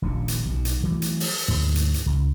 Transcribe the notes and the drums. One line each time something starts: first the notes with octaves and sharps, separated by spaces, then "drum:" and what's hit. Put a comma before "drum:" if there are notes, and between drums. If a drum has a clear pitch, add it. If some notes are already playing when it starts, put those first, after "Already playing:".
D#1 A#1 D#2 A#2
drum: hi-hat
B1 B2
drum: hi-hat
E3 F#3 A3
drum: hi-hat
drum: open hi-hat
D2 G#2
drum: hi-hat
drum: hi-hat
C#2